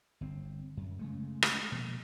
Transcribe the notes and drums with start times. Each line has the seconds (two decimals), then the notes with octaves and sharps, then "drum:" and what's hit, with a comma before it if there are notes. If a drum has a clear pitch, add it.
0.21 G1 C4
0.77 F#2
0.99 C#3 G#3 A3
1.42 drum: rim click
1.72 B2 F3 A#3